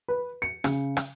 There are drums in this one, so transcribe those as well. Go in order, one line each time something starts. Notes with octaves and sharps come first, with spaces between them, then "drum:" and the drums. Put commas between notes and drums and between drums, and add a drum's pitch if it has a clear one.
B4
C#7
C#3, drum: rim click
drum: rim click